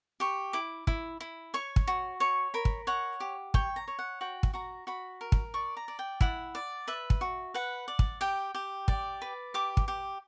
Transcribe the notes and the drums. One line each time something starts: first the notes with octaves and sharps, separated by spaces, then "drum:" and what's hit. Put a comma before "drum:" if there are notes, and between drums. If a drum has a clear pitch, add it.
G4 C#6
E4 D6
E4, drum: kick
E4
C#5 C#6
drum: kick
F#4
C#5 C#6
A#4 B5
drum: kick
C#5 F#5
G4
C#5 G5, drum: kick
A#5
C#5
F#5
F#4 G5
drum: kick
F#4 A#5
F#4 B5
A#4
drum: kick
D5 C#6
A#5
D5
G5
E4 F#5, drum: kick
D5
B4 E5
drum: kick
F#4
B4 F#5
D5
drum: kick
G4 G5
G4
D5, drum: kick
B4
G4 D6
drum: kick
G4